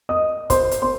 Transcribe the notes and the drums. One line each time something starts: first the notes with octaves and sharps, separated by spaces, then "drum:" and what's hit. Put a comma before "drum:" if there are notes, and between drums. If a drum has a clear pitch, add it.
D#5 D#6
C5 C6, drum: kick, hi-hat
drum: hi-hat
C5 C6